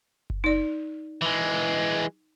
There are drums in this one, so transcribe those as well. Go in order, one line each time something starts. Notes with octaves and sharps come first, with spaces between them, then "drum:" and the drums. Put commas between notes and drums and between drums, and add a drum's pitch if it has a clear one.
drum: kick F#1
D#4 D5
E3 G#3